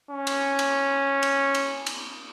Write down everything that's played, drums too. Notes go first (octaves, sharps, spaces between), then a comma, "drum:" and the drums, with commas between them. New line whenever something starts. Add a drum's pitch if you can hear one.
C#4
drum: cymbal
drum: cymbal
drum: cymbal
drum: cymbal
drum: cymbal